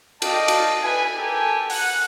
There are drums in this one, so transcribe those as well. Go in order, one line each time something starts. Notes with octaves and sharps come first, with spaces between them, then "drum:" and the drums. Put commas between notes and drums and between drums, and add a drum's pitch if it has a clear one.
D5 D#5 F5 G5 A5, drum: cymbal
drum: cymbal
E4 B4 G#5
G4 A4 A#4 G#5
F#5, drum: open hi-hat